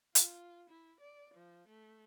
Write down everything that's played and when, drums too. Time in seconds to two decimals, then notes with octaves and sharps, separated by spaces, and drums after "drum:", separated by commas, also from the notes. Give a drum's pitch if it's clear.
0.15 F4, drum: hi-hat
0.70 E4
1.00 D5
1.34 F3
1.68 A3